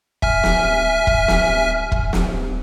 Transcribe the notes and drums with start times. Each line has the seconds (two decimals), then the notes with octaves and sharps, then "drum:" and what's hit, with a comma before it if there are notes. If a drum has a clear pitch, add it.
0.22 E5 G#5 F6, drum: kick
0.43 drum: snare
1.07 drum: kick
1.28 drum: snare
1.92 drum: kick
2.13 drum: snare